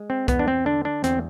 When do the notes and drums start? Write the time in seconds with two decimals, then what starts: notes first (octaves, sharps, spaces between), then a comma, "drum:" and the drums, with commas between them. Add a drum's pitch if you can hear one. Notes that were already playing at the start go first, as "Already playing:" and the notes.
Already playing: G#3
0.10 C4
0.28 E2 B3, drum: kick C2, hi-hat
0.39 D4
0.48 C4
0.66 D3 D4
0.85 D4
1.04 E2 C4, drum: hi-hat